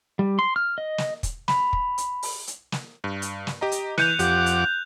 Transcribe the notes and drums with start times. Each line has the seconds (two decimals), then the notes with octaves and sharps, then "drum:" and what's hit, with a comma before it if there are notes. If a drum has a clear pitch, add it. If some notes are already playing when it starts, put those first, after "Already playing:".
0.19 G3
0.39 C6
0.56 F6
0.78 D#5
0.98 drum: snare
1.23 drum: kick, hi-hat
1.48 B5, drum: snare
1.73 drum: kick
1.98 drum: hi-hat
2.23 drum: open hi-hat
2.47 drum: hi-hat
2.72 drum: snare
3.04 G2
3.22 drum: hi-hat
3.47 drum: snare
3.61 G4 D#5 A#5
3.72 drum: hi-hat
3.98 E3 F#6 G6 C#7 D#7 F7, drum: snare
4.19 F2 G4 F#5 D6, drum: hi-hat
4.46 drum: hi-hat